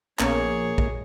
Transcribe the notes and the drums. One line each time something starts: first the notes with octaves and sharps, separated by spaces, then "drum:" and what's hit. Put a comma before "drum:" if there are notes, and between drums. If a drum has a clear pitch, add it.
A#1 A#3 B3 C#4 G#4 A#4 C#5, drum: clap
drum: kick A#1